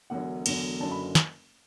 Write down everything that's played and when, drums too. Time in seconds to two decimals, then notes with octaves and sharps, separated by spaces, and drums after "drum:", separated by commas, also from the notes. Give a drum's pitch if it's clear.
0.10 E1 E2 D3 F#3 F#5
0.46 E1 E2 D3 F#3, drum: cymbal
0.80 F#1 F#2 D3 F#3 A5
0.91 B5
1.15 drum: snare